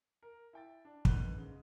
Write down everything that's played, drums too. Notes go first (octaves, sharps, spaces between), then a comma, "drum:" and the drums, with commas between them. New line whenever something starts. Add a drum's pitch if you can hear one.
A#4
E4 G5 A6
D4
D2 D#3 B3 F#6 D#7 G7, drum: kick
G#2 C#3